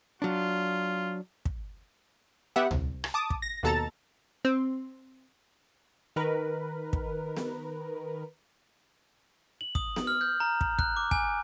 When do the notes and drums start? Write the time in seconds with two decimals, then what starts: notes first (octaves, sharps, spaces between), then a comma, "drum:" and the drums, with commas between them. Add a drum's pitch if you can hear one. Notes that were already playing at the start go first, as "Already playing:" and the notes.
0.22 F#3 D4 F4
1.45 drum: kick
2.56 B3 G4 E5 F#5
2.71 C2, drum: tom D2
3.04 drum: rim click
3.14 A5 D6 D#6
3.30 drum: kick
3.42 A#6
3.63 D#2 B2 A4 A5 A#5 A6
4.45 C4
6.16 D#3 A#4 B4
6.93 drum: kick
7.37 drum: snare B3
9.61 F#7
9.75 D#6, drum: kick
9.96 drum: snare B3
10.07 F6
10.21 G6
10.40 A#5
10.61 drum: kick
10.79 F#6, drum: kick
10.97 D6
11.11 G#5, drum: kick